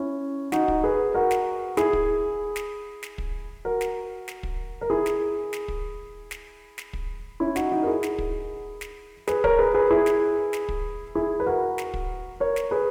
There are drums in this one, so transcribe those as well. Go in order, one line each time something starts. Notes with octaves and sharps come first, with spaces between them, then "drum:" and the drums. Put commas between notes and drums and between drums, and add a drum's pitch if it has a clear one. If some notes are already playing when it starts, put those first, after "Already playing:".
Already playing: C#4 E4
D#4 F#4, drum: snare
drum: kick
G#4 B4
F#4 A#4
drum: snare
E4 G#4, drum: snare
drum: kick
drum: snare
drum: snare
drum: kick
F#4 A#4
drum: snare
drum: snare
drum: kick
A#4
E4 G#4
drum: snare
drum: snare
drum: kick
drum: snare
drum: snare
drum: kick
C#4 E4
D#4 F#4, drum: snare
D#4 F#4
A#4
E4 G#4
drum: snare
drum: kick
drum: snare
G#4 B4, drum: snare
A#4 C#5, drum: kick
G#4 B4
G#4 B4
E4 G#4
drum: snare
drum: snare
drum: kick
E4 G#4
B4
F#4 A#4
drum: snare
drum: kick
A#4 C#5
drum: snare
G#4 B4